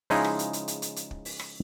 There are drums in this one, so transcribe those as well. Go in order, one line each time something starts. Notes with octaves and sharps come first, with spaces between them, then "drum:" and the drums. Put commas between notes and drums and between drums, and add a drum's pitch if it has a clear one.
C#3 F3 G#3 D#4 E4 G#4, drum: open hi-hat
drum: rim click
drum: hi-hat
drum: hi-hat
drum: hi-hat
drum: hi-hat
drum: hi-hat
drum: kick
drum: open hi-hat
drum: rim click